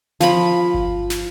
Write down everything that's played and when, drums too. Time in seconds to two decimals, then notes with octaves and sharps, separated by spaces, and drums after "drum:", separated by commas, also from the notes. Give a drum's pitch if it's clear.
0.21 F3 B5, drum: snare
0.74 drum: kick G1
1.10 drum: snare